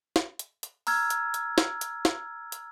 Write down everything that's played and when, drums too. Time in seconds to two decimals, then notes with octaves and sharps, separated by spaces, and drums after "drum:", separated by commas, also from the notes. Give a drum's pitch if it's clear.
0.16 drum: snare
0.39 drum: hi-hat
0.63 drum: hi-hat
0.87 A#5 E6 F6 G#6, drum: open hi-hat
1.10 drum: hi-hat
1.34 drum: hi-hat
1.58 drum: snare
1.81 drum: hi-hat
2.05 drum: snare
2.52 drum: hi-hat